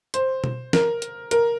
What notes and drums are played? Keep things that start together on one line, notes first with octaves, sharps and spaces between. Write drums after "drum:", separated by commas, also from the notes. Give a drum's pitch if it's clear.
C5, drum: hi-hat
drum: tom B2
A#4, drum: snare
drum: hi-hat
A#4, drum: hi-hat